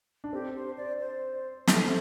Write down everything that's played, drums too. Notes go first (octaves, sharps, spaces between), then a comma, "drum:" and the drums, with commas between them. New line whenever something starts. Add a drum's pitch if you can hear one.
D4
C4 G4
C5
D5
C5
A3 G4, drum: snare
C4
A3